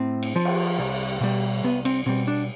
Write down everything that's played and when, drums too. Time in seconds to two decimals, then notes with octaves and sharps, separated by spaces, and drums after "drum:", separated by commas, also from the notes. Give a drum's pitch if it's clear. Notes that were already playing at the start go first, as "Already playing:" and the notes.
Already playing: A2 C4
0.23 drum: cymbal
0.36 F3
0.45 drum: cymbal
0.78 C2
1.21 B2 G3
1.63 C2 B3
1.85 C4, drum: cymbal
2.06 B2 G3 C4
2.28 D4